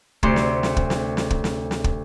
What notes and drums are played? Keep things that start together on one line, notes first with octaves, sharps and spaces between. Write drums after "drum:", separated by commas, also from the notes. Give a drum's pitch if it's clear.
D2 C3 C6, drum: kick
drum: snare
drum: snare
drum: kick
drum: snare
drum: snare
drum: kick
drum: snare
drum: snare
drum: kick